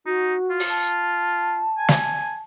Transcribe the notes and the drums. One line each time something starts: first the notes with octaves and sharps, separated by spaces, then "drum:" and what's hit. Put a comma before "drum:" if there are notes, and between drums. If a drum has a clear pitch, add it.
D#4 F#4
F4
drum: open hi-hat
A5
G#5
drum: snare